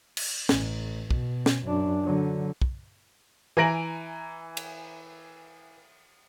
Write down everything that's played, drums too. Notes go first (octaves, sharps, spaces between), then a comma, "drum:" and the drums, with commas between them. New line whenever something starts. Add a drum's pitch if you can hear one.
drum: cymbal
A1, drum: snare
B2, drum: kick
drum: snare
F#2 D4
D3 F#3
drum: kick
E3 G#5 A#5 A#6 D7 F#7
drum: cymbal